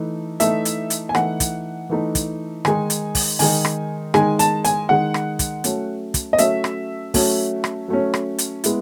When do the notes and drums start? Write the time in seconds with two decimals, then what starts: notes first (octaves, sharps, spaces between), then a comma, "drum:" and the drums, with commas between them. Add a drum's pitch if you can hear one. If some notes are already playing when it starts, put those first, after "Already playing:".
Already playing: E3 A3 D#4
0.40 E3 A3 D#4 E5, drum: hi-hat
0.65 drum: hi-hat
0.90 drum: hi-hat
1.09 G#5
1.15 E3 A3 D#4 F#5, drum: rim click
1.40 drum: kick, hi-hat
1.90 E3 A3 D#4
2.15 drum: kick, hi-hat
2.65 D#3 G#3 D#4 G#5, drum: rim click
2.90 drum: hi-hat
3.15 drum: kick, open hi-hat
3.39 D#3 G#3 D#4 G#5, drum: open hi-hat
3.65 drum: rim click
4.14 D#3 G#3 D#4 G#5, drum: rim click
4.39 A5, drum: hi-hat
4.64 G#5, drum: hi-hat
4.89 D#3 G#3 D#4 F#5
5.14 drum: rim click
5.39 drum: kick, hi-hat
5.64 F#3 A3 C#4, drum: hi-hat
6.14 drum: kick, hi-hat
6.33 D#5
6.38 F#3 A3 C#4 E5, drum: hi-hat
6.64 drum: rim click
7.14 F#3 A3 C#4, drum: kick, open hi-hat
7.64 drum: rim click
7.88 F#3 A3 C#4
8.14 drum: rim click
8.38 drum: hi-hat
8.64 G#3 B3 E4, drum: hi-hat